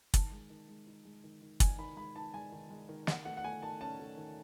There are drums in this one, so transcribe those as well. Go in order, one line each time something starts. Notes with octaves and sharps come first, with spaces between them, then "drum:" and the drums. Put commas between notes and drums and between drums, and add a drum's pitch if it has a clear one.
D#3 A5, drum: kick, hi-hat
G#3
D#3
G#3
D#4
G#3
D#3
D#3
D#4 G#5, drum: kick, hi-hat
D#3 B5
G#3 B5
D#4 A5
G#3 G#5
D#3
G#3
D#3
D#3 F#5, drum: snare
A3 F#5
F#5
A3 G#5
D#3 A5
C#4 A5
A3
D#3